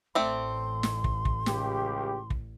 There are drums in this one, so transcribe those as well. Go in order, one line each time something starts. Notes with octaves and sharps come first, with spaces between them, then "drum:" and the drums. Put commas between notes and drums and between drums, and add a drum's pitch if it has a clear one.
A1 A3 C4 D5 C6
drum: snare
drum: kick
drum: kick
C#2 G4, drum: snare
drum: kick